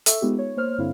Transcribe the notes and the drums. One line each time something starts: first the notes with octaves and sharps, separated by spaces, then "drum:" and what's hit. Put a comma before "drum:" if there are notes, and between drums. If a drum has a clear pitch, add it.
A4 E5 C#6 E6, drum: hi-hat
G#3 B3 D#4 F4 G4
C#5
A#3 C5 C#5 F6
G2 D3 C4 E4 F5